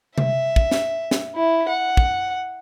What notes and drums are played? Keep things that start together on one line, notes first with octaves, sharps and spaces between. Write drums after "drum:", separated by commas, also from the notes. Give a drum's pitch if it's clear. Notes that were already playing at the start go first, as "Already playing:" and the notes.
E5, drum: tom C3
drum: kick
drum: snare
drum: snare
E4
F#5
drum: kick